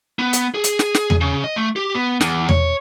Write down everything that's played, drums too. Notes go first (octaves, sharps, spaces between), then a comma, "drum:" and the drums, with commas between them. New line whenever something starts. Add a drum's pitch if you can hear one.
B3
drum: hi-hat
G#4
drum: hi-hat
drum: snare
drum: snare
drum: tom E2
C#3
D#5
A3
G4
B3
E2, drum: snare
C#5, drum: tom E2